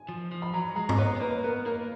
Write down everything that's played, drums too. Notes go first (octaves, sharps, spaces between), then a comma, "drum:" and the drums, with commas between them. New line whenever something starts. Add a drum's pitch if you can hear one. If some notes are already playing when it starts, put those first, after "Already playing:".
Already playing: G#5
F3
F3
B5
F#3 A#5
G#3 A#5
D#5, drum: tom G#2
B3 C#5
B3
A#3 B4
B3 A#4
A#3 A#4